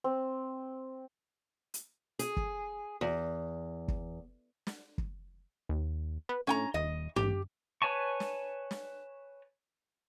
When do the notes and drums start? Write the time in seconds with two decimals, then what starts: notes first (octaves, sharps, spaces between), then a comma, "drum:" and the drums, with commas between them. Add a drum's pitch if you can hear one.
0.04 C4
1.74 drum: hi-hat
2.19 G#4, drum: hi-hat
2.37 drum: kick
3.01 E2
3.88 drum: kick
4.67 drum: snare
4.98 drum: kick
5.69 D#2
6.29 B3
6.47 A2 C#4 G5 A#5
6.74 D#1 D#5
7.16 A1 G4, drum: tom
7.82 B4 C#5 G#5 A5 C#6
8.20 drum: snare
8.71 drum: snare